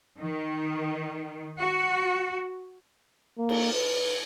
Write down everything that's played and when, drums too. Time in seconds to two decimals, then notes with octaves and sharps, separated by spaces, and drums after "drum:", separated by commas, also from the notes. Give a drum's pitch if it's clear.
0.19 D#3
1.59 F#4
3.38 A#3
3.49 drum: cymbal
3.73 B4